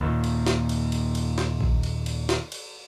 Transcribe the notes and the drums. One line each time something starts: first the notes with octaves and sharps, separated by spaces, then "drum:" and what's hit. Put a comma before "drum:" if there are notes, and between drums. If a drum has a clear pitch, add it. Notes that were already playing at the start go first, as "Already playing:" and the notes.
D#2 A#2
drum: cymbal
drum: snare
drum: cymbal
drum: cymbal
drum: cymbal
drum: snare
drum: kick A#1
drum: cymbal
drum: cymbal
drum: snare
drum: cymbal